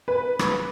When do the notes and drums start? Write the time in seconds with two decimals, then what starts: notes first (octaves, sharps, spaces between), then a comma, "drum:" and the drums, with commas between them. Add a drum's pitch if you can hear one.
0.08 B4
0.39 drum: rim click